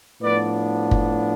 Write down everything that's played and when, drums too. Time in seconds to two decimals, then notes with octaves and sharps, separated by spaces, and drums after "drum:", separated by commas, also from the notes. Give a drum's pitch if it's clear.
0.21 A2 F3 B3 D4 B4 D5
0.91 drum: kick